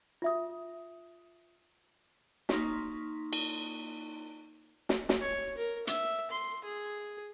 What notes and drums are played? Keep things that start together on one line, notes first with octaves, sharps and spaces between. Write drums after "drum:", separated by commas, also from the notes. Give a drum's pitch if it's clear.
F4 E5 D#6
A#3 D#4 C6 C#6 B6, drum: snare
drum: cymbal
drum: snare
drum: snare
C#5
A#4
E5, drum: hi-hat
C6
G#4